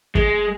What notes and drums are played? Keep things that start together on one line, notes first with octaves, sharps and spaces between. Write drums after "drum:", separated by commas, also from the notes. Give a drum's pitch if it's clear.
G#3, drum: kick